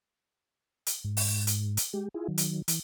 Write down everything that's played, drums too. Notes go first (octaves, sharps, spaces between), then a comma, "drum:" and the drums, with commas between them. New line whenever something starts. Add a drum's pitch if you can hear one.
drum: hi-hat
G#2
drum: open hi-hat
drum: hi-hat
drum: hi-hat
G#3 G4
E4 F4 G#4
D#3 F#3
drum: hi-hat
E3, drum: hi-hat